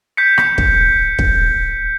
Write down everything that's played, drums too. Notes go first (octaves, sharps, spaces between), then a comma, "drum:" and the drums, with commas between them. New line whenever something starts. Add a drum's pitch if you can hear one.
G6 B6 C#7
drum: rim click
drum: kick
drum: kick